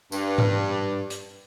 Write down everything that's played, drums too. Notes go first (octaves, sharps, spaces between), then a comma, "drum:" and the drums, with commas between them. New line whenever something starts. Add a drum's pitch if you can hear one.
G2, drum: tambourine
drum: tom G#2
drum: hi-hat